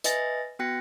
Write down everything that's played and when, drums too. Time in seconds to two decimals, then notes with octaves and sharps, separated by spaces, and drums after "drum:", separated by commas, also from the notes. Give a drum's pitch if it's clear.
0.04 B4 D#5 E5 G#5 A6 A#6, drum: hi-hat
0.59 B3 F#4 G5 F#6 A#6 C#7